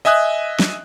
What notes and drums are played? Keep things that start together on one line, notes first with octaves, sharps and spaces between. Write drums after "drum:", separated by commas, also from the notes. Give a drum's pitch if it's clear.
D#5 E5 G#5 D#6 F#6
drum: snare